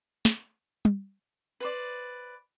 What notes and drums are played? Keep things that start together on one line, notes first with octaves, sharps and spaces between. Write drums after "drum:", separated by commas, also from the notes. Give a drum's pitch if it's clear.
drum: snare
drum: tom
B4 C5 D5